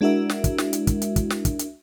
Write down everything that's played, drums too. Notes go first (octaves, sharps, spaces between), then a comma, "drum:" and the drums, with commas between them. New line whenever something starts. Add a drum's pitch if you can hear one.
G#3 D4 E4 F#4 A#4 E5
drum: snare
drum: kick, hi-hat
drum: snare
drum: hi-hat
drum: kick, hi-hat
drum: hi-hat
drum: kick, hi-hat
drum: snare
drum: kick, hi-hat
drum: hi-hat